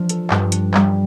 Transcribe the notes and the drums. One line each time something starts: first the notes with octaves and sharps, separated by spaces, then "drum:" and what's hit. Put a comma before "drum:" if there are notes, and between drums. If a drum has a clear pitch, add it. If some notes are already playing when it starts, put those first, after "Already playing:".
Already playing: F3 D4
A4, drum: hi-hat
G2, drum: clap
D4, drum: hi-hat
G3, drum: clap